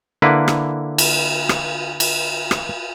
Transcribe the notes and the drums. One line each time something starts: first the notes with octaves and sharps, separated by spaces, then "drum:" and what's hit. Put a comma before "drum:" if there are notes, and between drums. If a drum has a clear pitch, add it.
D3 A#3 E4 B4
drum: rim click
drum: cymbal
drum: rim click
drum: cymbal
drum: rim click